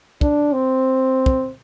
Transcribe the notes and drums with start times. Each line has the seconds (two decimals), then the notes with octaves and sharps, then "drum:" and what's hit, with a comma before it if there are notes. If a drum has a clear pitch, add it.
0.21 D4, drum: kick
0.53 C4
1.26 drum: kick